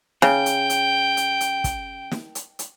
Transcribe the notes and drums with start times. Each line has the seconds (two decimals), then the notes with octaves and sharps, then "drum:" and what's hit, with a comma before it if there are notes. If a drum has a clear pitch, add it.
0.22 C#3 G5, drum: snare
0.46 drum: hi-hat
0.70 drum: hi-hat
1.17 drum: hi-hat
1.41 drum: hi-hat
1.64 drum: kick, hi-hat
2.12 drum: snare
2.35 drum: hi-hat
2.59 drum: hi-hat